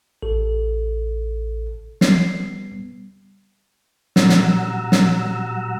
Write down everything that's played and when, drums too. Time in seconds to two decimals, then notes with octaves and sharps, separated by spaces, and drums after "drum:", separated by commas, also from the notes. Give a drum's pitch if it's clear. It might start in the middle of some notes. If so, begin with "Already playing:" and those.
0.22 A1 A4
2.01 G3 B3 C7, drum: snare
4.16 A#2 F#3 G3 F#5 A#5 E6, drum: snare
4.29 drum: snare
4.92 drum: snare